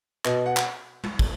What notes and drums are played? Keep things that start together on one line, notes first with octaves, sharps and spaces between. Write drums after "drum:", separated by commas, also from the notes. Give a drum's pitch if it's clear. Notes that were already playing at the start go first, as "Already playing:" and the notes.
B2 D#5, drum: clap
F#5
drum: clap
drum: tom G#3
drum: kick